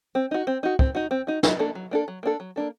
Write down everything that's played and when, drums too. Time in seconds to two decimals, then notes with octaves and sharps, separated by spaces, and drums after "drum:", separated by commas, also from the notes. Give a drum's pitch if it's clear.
0.15 C4
0.31 D#4 F#4
0.47 C4
0.63 D#4 F#4
0.79 C4, drum: kick
0.95 D#4 F#4
1.11 C4
1.27 D#4 F#4
1.43 F#3, drum: snare
1.59 A#3 D4 A4
1.75 F#3
1.91 A#3 D4 A4
2.08 F#3
2.23 A#3 D4 A4
2.40 F#3
2.56 A#3 D4 A4